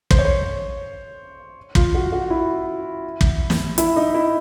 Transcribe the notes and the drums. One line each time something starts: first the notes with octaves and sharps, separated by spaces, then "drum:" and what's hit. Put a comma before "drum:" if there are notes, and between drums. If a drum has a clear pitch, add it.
C5, drum: kick
C#5
C5
F4, drum: kick
F#4
F#4
E4
drum: kick
drum: snare
E4, drum: hi-hat
D#4
E4